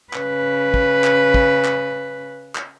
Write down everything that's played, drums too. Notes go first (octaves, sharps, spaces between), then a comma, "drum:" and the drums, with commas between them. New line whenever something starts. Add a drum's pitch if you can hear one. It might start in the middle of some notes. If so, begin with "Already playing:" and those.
C#3 B4, drum: clap
drum: kick
drum: clap
drum: kick
drum: clap
drum: clap